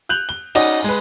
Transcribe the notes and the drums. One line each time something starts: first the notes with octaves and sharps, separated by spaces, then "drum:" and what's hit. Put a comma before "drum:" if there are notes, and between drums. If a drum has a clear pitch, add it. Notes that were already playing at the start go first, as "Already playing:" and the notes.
F#6 G6 F7 F#7
G7
C#4 D#4 F#4 D5 D#5, drum: cymbal
G#3 B4